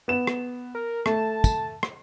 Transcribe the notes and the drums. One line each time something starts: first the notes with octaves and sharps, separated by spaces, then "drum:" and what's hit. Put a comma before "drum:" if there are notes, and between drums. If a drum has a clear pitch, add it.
B3 E7
drum: rim click
A#4
A3 A5, drum: rim click
drum: kick, tambourine
drum: rim click